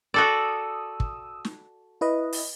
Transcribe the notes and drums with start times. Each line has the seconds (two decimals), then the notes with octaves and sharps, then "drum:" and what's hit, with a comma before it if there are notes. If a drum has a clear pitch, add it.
0.14 F#4 A4 D5 D#6 E6
1.00 drum: kick
1.45 drum: snare
2.01 E4 B4 D#5
2.33 drum: open hi-hat